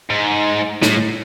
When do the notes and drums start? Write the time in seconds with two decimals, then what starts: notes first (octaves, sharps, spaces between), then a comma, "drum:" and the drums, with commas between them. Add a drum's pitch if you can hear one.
0.10 G#2
0.82 A2, drum: snare